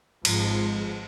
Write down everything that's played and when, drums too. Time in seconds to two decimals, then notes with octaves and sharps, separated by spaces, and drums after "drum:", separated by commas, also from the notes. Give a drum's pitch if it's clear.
0.25 G#1 G#2 F3 G#3, drum: cymbal